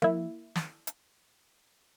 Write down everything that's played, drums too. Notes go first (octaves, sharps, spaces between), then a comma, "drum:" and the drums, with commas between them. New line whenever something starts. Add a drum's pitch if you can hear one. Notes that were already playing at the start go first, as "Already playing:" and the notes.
A#3 E4, drum: tom F3
drum: snare
drum: hi-hat